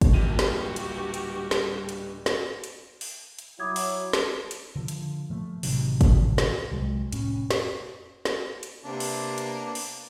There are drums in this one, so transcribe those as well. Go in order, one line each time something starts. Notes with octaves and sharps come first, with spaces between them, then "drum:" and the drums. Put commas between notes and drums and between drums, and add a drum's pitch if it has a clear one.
drum: kick, hi-hat
D1 G2 A#2 F#4 G4 D#7
drum: snare
drum: hi-hat
drum: hi-hat
drum: snare
drum: hi-hat
drum: snare
drum: hi-hat
drum: open hi-hat
drum: hi-hat
F#3 E4 D6 D#6 G#6
drum: open hi-hat
drum: snare
drum: hi-hat
D3 F3
drum: hi-hat
F3 A3
A1 C3 D#3 F#3, drum: open hi-hat
drum: kick, hi-hat
drum: snare
C2 F#3 G#3
F1 A2 C#4, drum: hi-hat
drum: snare
drum: snare
drum: hi-hat
C3 A#3 B3 D4
drum: open hi-hat
drum: hi-hat
drum: open hi-hat